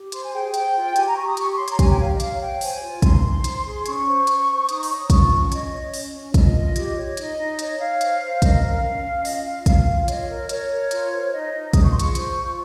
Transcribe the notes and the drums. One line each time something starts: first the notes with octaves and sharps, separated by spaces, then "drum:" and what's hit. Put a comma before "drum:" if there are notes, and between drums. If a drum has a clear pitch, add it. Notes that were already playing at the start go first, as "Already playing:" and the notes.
Already playing: G4
C5 C6, drum: hi-hat
G#5
G#4 G5
C5 G5, drum: hi-hat
F4
G4 G#5, drum: hi-hat
A#5
G4 C#6
D#6
G4 C#6, drum: hi-hat
C#5 C6
A#5, drum: hi-hat
G4 G#5, drum: kick, hi-hat
G5
G4 F5
D#5
C#5 F5, drum: hi-hat
C#5 G5
C5 G#5, drum: open hi-hat
F4
D#4 C6, drum: kick, hi-hat
D#4
C5, drum: hi-hat
G#4
C#4 C#6, drum: hi-hat
C5
C5, drum: hi-hat
C5
D#4 D#6, drum: hi-hat
C#6, drum: open hi-hat
C#5
D#6
F4 C#6, drum: kick, hi-hat
C#4
F4 D#5, drum: hi-hat
C#5
C#4, drum: open hi-hat
C#4
F4 D#5, drum: kick, hi-hat
F4
G4 D#5, drum: hi-hat
C#5
D#4 D#5, drum: hi-hat
D#4
C#5 D#5, drum: hi-hat
C#5 F5
C5, drum: hi-hat
C5
A#4 D#5, drum: kick, hi-hat
C#4 F5
C#4
C#4
F4 D#5, drum: open hi-hat
F4 F5
F4 F5, drum: kick, hi-hat
F4
C#5 D#5, drum: hi-hat
A#4
A#4 C#5, drum: hi-hat
A#4
F4, drum: hi-hat
C5
D#4 D#5
D#4 D#5
G#4 D#6, drum: kick, hi-hat
C#6
F4 C6
C#6, drum: hi-hat
C5, drum: hi-hat
F4